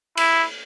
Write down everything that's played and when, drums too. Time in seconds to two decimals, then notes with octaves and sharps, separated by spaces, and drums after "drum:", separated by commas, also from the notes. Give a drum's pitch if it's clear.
0.17 E4, drum: cymbal